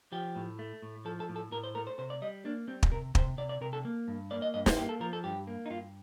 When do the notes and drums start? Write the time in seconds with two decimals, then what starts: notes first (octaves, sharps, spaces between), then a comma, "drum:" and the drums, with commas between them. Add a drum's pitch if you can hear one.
0.12 F3 G4
0.36 A2
0.59 A3
0.82 A2
1.05 F3 A4
1.20 A4
1.29 A2
1.36 A4
1.52 A2 A#4
1.64 C5
1.75 A3 A#4
1.87 C5
1.98 C3 C5
2.10 D5
2.22 G3 D#5
2.45 A#3 D4
2.68 G3 C4
2.83 drum: kick
2.92 C3 A#4
3.15 C3 C5, drum: kick
3.38 C3 D5
3.49 D5
3.61 C3 A#4
3.73 A4
3.85 A#3
4.08 G2
4.31 A#3 D5
4.42 D#5
4.54 G2 D#5
4.66 C5, drum: snare
4.77 A#3 G4
4.89 A4
5.01 F3 A#4
5.13 A4
5.24 G2 G4
5.47 A#3
5.66 D#4
5.70 G2 F4